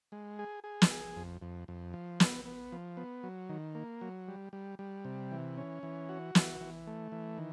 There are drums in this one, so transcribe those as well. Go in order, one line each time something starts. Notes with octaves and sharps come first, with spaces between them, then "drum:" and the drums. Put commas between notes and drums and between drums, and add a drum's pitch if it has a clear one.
G#3
G#4
G#4
drum: snare
G#4
F2
F2
F2
F3
B3, drum: snare
B3
F3
B3
F#3
D#3
A#3
F#3
G3
G3
G3
C3
E3
C#4
E3
F#4
E3, drum: snare
E3
A3
E3
D#3